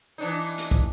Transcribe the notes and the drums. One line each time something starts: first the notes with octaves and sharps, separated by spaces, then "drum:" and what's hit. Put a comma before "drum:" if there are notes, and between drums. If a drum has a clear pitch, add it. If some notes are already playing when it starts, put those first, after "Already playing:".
E3 D4 D#4
drum: hi-hat
drum: kick